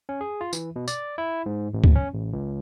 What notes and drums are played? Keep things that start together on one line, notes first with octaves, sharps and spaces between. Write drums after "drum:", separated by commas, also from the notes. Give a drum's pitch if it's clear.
C#4
G#4
F4
E3, drum: tambourine
B2
D5, drum: tambourine
E4
G#2
A1
drum: kick C#2
C#4
A1
C#2